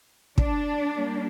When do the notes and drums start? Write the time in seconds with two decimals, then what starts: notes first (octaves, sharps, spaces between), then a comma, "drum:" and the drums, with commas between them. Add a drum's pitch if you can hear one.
0.38 D4, drum: kick
0.96 G3 A#3